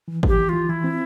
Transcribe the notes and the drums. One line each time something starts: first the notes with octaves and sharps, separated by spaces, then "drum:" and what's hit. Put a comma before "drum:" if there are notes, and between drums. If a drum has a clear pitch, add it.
E3
E3, drum: kick G#1
G4
E3
E3 F4
E3 E4
C4